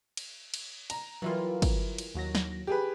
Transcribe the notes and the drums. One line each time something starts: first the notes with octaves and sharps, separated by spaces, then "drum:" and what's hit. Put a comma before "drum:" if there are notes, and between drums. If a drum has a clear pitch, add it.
drum: cymbal
drum: cymbal
A#5, drum: cymbal
E3 F#3 G3 A#3 E4 F4
drum: kick, cymbal
drum: cymbal
D#2 F#3 A#6
drum: snare
G4 G#4 B4